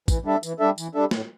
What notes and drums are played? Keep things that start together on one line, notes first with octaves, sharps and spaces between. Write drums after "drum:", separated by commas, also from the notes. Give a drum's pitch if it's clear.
E3, drum: kick A1, tambourine
G3 D4 A4 E5
E3, drum: tambourine
G3 D4 A4 E5
E3, drum: tambourine
G3 D4 A4 E5
A2, drum: snare